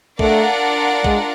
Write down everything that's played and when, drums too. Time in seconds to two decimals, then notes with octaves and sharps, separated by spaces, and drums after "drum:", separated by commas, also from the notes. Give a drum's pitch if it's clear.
0.19 A3 D4 F4 A#4 D5 F#5, drum: kick
1.04 G#3, drum: kick